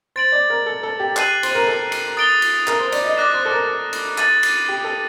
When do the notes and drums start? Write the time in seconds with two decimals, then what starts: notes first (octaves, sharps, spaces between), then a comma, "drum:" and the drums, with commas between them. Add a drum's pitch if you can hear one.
0.16 C5 A6 D7 F#7
0.32 D5
0.50 A#4
0.66 A4
0.83 A4
1.00 G4
1.17 F#6 C7 D#7 F#7, drum: clap
1.43 C5, drum: cymbal
1.55 A#4
1.67 A4
1.92 drum: cymbal
2.17 D#6 A6 D7 G7
2.42 drum: cymbal
2.67 A#4, drum: clap
2.79 C5
2.92 D5, drum: cymbal
3.04 D#5
3.17 D5 D6 F#6 A#6
3.34 C5
3.45 A4
3.51 A#4
3.67 A4
3.93 drum: cymbal
4.18 A6 D#7 F#7, drum: clap
4.43 drum: cymbal
4.68 G4
4.84 A4